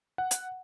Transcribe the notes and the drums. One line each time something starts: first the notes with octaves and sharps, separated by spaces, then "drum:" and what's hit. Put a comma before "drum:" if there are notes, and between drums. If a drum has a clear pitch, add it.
F#5
drum: hi-hat